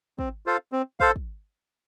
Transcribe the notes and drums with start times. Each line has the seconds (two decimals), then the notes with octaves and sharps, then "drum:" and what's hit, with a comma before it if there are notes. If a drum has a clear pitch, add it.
0.19 C4, drum: kick
0.46 F4 A4 C5 F5
0.72 C4
1.00 A4 C5 F5, drum: kick
1.16 drum: kick